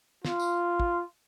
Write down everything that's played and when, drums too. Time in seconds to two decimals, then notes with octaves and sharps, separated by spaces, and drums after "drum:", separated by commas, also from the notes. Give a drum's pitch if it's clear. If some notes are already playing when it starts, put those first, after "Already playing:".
0.25 F4, drum: snare
0.40 drum: tambourine
0.80 drum: kick